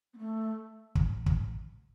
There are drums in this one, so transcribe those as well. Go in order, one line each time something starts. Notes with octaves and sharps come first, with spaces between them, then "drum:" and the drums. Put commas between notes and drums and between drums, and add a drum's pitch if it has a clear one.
B3
A3
drum: kick
drum: kick